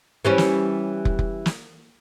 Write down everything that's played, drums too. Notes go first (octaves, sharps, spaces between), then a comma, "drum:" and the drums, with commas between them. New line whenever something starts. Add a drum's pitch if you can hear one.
E3 G3 C#4
drum: snare
drum: kick
drum: kick
drum: snare